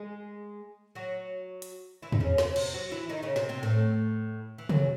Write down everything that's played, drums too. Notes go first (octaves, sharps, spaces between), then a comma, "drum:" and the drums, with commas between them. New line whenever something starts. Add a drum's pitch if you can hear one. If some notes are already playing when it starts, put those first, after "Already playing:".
Already playing: G#3 G#4
F#3 F#4
drum: hi-hat
E3 E4
D#4, drum: tom E2
C#3 C#4
C#3 C#4, drum: snare
C3 C4, drum: cymbal
F#3 F#4
E3 E4
D#3 D#4
C#3 C#4
C3 C4, drum: snare
C3 C4
A2 A3
E3
F#2 F#3, drum: tom C3